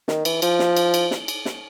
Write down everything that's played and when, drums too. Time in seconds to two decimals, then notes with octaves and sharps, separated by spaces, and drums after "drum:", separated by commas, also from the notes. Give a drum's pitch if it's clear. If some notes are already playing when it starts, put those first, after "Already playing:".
0.08 D#3, drum: snare
0.25 E3, drum: cymbal
0.42 F3, drum: cymbal
0.59 drum: snare
0.77 drum: cymbal
0.94 drum: cymbal
1.11 drum: snare
1.28 drum: cymbal
1.45 drum: snare